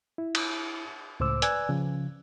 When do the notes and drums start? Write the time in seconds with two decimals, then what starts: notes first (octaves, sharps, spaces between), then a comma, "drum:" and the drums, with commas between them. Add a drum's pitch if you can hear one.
0.18 E4
0.35 drum: cymbal
1.20 C#2 A2 C5 D6 E6
1.42 B4 D5 G#5 E6 F#6 G#6, drum: hi-hat
1.69 C#3 F3